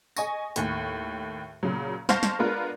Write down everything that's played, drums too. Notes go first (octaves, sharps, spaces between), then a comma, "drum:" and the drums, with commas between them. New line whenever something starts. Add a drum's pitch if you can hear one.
D#5 G#5 C#6 A#6, drum: tambourine
D#2 A2, drum: hi-hat
A#2 C#3 F#3
C5 F5 A5 C#6 G6 A#6, drum: snare
drum: snare
G#3 B3 D4 F4 A#4 B4